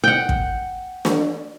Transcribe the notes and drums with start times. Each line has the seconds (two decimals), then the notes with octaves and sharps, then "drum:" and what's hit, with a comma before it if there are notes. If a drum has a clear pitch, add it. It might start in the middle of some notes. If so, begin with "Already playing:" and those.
0.04 F#5 G5
0.29 drum: kick
1.05 drum: snare